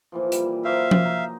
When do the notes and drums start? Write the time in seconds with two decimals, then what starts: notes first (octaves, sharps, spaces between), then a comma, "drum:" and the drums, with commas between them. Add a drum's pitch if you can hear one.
0.12 A#2 E3 F3
0.32 G3, drum: hi-hat
0.65 F#3 C5 E5 F5 D6
0.91 drum: tom F3
1.05 D#4